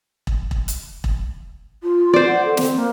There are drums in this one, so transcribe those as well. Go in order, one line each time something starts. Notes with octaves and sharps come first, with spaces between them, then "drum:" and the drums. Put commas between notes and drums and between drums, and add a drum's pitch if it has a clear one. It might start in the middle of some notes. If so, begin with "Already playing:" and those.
drum: kick E1
drum: kick E1
drum: hi-hat
drum: kick E1
F4
C5 D5
F#5
A4
C4, drum: snare
A#3